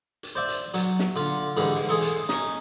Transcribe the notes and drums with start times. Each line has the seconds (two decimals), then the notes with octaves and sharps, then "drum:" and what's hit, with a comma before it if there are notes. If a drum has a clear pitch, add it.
0.23 drum: hi-hat
0.35 C5 D5 E5
0.49 drum: hi-hat
0.74 F#3, drum: hi-hat
0.99 drum: snare
1.16 D3 F4
1.56 G#2 D3 E3 G3
1.76 drum: open hi-hat
1.88 G#4 A4 E5 C6
2.01 drum: hi-hat
2.29 C#4 D#4, drum: snare